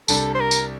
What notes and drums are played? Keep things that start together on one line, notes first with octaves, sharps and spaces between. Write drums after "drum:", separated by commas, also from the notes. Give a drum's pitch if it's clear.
C2 C3 G3 D4 A4, drum: tambourine
C5
A#4
drum: tambourine